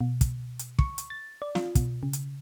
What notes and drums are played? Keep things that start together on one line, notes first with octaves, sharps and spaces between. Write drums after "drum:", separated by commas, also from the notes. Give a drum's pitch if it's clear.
B2
drum: kick, hi-hat
drum: hi-hat
C#6, drum: kick
drum: hi-hat
A6
D5
F4, drum: snare
B2, drum: kick, hi-hat
C#3
drum: hi-hat